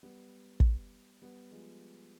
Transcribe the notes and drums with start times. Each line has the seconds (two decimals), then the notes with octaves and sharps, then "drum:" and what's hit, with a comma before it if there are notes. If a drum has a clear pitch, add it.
0.03 G3 B3
0.60 drum: kick
1.22 G3 B3
1.51 F3 G#3